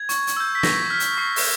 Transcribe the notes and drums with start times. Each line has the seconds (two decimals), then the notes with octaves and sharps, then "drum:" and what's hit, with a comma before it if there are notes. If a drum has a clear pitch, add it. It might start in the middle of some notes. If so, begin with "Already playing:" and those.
Already playing: G#6
0.09 C#6, drum: hi-hat
0.27 drum: hi-hat
0.37 E6 G6
0.55 B6
0.63 C#6 A#6, drum: snare
0.90 F6 B6
1.00 drum: hi-hat
1.18 C#6 C7
1.36 drum: open hi-hat